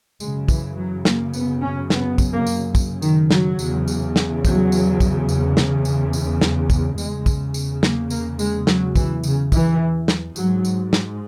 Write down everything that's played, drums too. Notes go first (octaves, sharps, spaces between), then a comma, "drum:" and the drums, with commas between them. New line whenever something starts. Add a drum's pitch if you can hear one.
F#2 C#3 G#3, drum: tambourine
E3, drum: kick, tambourine
F#3
A#3, drum: snare
B3, drum: tambourine
C#4
B3, drum: snare
drum: kick, tambourine
A#3
drum: tambourine
drum: kick, tambourine
D#3, drum: tambourine
F#3, drum: snare
E2 C#3, drum: tambourine
drum: tambourine
drum: snare
F#3, drum: kick, tambourine
drum: tambourine
drum: kick, tambourine
drum: tambourine
drum: snare
drum: tambourine
drum: tambourine
drum: snare
drum: kick, tambourine
E2 C#3 G#3, drum: tambourine
drum: kick, tambourine
drum: tambourine
A#3, drum: snare
A#3, drum: tambourine
G#3, drum: tambourine
F#3, drum: snare
E3, drum: kick, tambourine
C#3, drum: tambourine
E3, drum: kick, tambourine
drum: snare
G#2 F#3, drum: tambourine
drum: tambourine
drum: snare